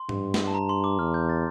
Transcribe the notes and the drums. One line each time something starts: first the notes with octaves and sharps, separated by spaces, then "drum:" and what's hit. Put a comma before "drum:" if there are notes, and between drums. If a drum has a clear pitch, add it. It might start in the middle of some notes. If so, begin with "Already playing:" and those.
Already playing: C6
G2, drum: tom G#2
drum: snare
A5
A#5
C6
D6
E2 F6
G6
A6